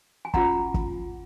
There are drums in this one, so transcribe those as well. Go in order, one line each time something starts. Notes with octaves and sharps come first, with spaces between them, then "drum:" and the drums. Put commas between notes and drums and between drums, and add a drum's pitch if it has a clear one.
G#5
C#4 F4 G#4 F#5 A#5, drum: kick
drum: kick